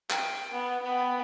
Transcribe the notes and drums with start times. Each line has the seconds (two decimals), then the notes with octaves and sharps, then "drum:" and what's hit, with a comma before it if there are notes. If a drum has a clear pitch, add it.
0.10 G5, drum: clap
0.51 B3
0.83 B3 G5